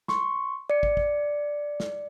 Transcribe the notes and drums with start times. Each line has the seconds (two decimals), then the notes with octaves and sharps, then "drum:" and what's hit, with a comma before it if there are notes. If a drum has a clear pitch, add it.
0.08 C6 C#6, drum: snare
0.70 D5 C#7
0.83 drum: kick
0.97 drum: kick
1.80 drum: snare